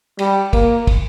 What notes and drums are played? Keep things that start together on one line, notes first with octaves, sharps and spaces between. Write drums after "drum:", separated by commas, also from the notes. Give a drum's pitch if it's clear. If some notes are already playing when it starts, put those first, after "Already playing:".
G3, drum: cymbal
A#3, drum: kick, cymbal
drum: kick, cymbal